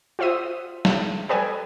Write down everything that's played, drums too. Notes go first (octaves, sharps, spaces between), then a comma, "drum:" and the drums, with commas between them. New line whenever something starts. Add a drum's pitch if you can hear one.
F4 F#4 C5 E5 D#6
drum: snare
G4 A4 B4 D5 D#5 G#5